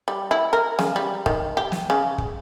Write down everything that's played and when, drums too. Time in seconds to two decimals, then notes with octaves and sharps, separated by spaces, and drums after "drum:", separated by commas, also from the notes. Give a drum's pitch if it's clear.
0.08 G3
0.31 E4
0.53 A#4
0.79 C#3, drum: snare
0.96 G3
1.26 D#3, drum: kick
1.57 G4
1.72 drum: snare
1.90 C#3
2.18 drum: kick